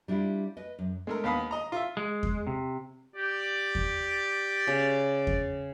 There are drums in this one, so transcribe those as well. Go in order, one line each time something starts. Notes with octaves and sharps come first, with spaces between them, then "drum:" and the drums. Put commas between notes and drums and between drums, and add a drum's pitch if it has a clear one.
G3 D4 E4 F4
B4 D#5
F#2
G#3 A3 A#4
D#2 B3 F5 B5 D#6
D#5 A#5
F4 E5
G#3
drum: kick E2
C3
G4 D5
drum: kick E2
C#3
drum: kick E2